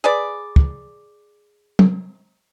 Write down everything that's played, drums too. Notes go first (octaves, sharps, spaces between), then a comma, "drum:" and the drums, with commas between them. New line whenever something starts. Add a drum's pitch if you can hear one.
G#4 B4 D5
drum: kick
drum: tom